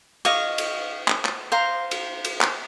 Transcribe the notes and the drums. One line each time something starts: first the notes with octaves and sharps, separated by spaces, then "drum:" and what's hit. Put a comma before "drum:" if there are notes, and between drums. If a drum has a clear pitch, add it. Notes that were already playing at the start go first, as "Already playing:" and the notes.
D#5 F5 C#6, drum: cymbal
drum: cymbal
drum: clap
drum: clap
C5 F5 A#5
drum: cymbal
drum: cymbal
drum: clap